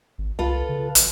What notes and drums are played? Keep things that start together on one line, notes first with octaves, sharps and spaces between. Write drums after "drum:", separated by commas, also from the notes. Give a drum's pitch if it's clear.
G#1
C2 F4 A4 B4
C#3
A#1, drum: hi-hat